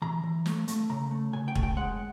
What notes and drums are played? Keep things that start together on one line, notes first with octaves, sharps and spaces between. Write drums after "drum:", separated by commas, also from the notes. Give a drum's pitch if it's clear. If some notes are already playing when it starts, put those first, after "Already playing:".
E3 A#5
E3
A3, drum: snare
A3, drum: hi-hat
C#3 A#5
A3
C#3 G#5
G5
A3 G#5, drum: kick
G5
G#3 F#5